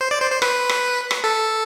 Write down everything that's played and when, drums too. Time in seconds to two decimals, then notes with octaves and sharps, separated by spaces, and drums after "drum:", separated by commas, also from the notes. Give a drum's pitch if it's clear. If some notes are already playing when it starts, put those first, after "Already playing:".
0.01 C5
0.11 D5
0.21 C5
0.31 C5
0.42 B4, drum: rim click
0.69 drum: rim click
1.11 drum: rim click
1.24 A4